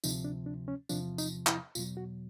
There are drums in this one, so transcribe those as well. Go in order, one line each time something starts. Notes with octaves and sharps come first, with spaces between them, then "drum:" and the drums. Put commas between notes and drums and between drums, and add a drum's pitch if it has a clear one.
D2 C3 F3 D#4, drum: tambourine
D4
D4
C#4
E2 C3 F3 D4, drum: tambourine
D#4, drum: tambourine
E4, drum: clap
E2 B2 F#3 F4, drum: tambourine
F#4